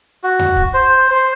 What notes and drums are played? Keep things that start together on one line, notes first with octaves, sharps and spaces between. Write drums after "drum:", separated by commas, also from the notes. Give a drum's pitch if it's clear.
F#4
drum: tom E2
drum: kick
C5
C5